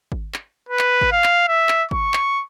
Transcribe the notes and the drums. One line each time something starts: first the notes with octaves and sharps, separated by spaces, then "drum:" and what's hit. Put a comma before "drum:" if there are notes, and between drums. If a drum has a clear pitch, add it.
drum: kick G#1
drum: clap
B4
drum: clap
drum: kick G#1
F5
drum: clap
E5
drum: clap
C#6, drum: kick G#1
drum: clap